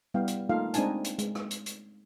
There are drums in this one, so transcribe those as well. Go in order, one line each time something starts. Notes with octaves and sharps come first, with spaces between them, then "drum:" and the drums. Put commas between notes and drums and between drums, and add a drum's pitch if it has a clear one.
G3 B3 E4 F5 G5
drum: hi-hat
A3 A#3 D#4 F4 A4 F5
G#3 C4 D4 D#4 G#5 A5, drum: hi-hat
drum: hi-hat
G#3, drum: hi-hat
drum: rim click
drum: hi-hat
drum: hi-hat